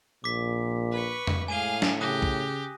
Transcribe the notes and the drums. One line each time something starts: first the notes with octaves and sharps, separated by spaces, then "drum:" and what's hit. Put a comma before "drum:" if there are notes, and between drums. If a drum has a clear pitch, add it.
A#1 A#2 D6 B6
B4 C#6
drum: tom F2
A2 G#3 G#4 F5 G#5 D#7 G7
drum: snare
C#3 G4 D#6 F#6 A#6
drum: kick